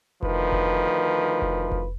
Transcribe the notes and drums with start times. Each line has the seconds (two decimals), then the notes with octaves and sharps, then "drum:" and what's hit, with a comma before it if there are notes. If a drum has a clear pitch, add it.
0.23 D2 D#3 F3 B4, drum: kick F1
0.52 drum: kick F1
1.42 drum: kick F1
1.72 drum: kick F1